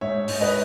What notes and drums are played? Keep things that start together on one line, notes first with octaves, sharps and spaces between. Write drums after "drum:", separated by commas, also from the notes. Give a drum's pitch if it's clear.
G#2 C#5 E5
G#2, drum: open hi-hat
B4 D#5